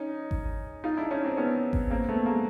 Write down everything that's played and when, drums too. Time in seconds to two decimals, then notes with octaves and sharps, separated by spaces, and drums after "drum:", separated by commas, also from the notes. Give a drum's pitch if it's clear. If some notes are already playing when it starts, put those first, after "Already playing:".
Already playing: C#4 D#4
0.31 drum: kick G#1
0.84 D#4 F4
0.97 D4 E4
1.11 C#4 D#4
1.24 C4 D4
1.37 B3 C#4
1.73 drum: kick G#1
1.90 A#3 C4
2.08 A3 B3
2.26 G#3 A#3